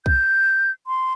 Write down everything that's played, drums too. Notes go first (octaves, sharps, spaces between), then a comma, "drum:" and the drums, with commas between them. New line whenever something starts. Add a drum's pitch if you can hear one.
G6, drum: kick B1
C6